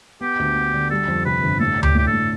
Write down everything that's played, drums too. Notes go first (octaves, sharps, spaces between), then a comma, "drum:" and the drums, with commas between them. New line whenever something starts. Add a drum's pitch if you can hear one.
B3 G4
D2
B3
D3
G3 A4
F2
C3 B4
G1
A2 A4
D4
G4, drum: tom D2
A2 G4
A4
A2